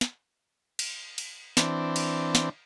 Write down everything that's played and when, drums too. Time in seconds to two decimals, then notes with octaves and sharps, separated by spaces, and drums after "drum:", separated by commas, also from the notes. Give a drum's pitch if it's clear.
0.01 drum: snare
0.79 drum: cymbal
1.18 drum: cymbal
1.57 E3 C4 D4, drum: snare
1.96 drum: cymbal
2.35 drum: snare